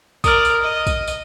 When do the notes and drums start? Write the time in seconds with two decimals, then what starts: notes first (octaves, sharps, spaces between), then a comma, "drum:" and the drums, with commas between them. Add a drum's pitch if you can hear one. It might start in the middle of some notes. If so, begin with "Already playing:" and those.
0.24 A#4 D5 D#6 F6, drum: kick, tambourine
0.45 drum: tambourine
0.62 D#5
0.87 drum: kick, tambourine
1.07 drum: tambourine